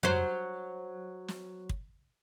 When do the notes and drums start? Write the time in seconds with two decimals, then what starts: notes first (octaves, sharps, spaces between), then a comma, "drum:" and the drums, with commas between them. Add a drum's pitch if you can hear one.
0.03 F#3 C5, drum: tom F2
1.28 drum: snare
1.69 drum: kick